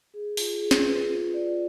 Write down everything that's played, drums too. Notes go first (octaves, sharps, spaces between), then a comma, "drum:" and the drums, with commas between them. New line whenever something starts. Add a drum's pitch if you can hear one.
G#4
F4, drum: open hi-hat
G#4
drum: snare
B4
F4
D5